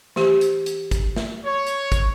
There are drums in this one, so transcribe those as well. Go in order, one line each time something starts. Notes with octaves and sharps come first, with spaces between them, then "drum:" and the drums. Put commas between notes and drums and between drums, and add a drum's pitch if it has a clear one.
E3 G4, drum: snare
drum: hi-hat
drum: hi-hat
drum: kick, hi-hat
drum: snare
C#5
drum: hi-hat
drum: kick, hi-hat